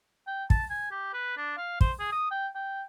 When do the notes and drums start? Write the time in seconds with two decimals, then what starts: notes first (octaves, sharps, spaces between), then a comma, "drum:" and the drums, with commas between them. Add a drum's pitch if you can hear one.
0.27 G5
0.50 A5, drum: kick
0.70 G#5
0.91 G4
1.13 B4
1.37 D4
1.57 F5
1.81 C5, drum: kick
1.99 G#4
2.12 D#6
2.31 G5
2.55 G5